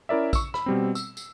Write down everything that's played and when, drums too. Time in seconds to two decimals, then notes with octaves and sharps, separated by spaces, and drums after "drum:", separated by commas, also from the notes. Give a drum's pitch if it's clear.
0.09 C#4 E4 A#4 D5 E5
0.33 C#6 E6, drum: kick A#1, tambourine
0.54 B5, drum: rim click
0.66 B2 G3 C4
0.95 E6, drum: tambourine
1.17 drum: tambourine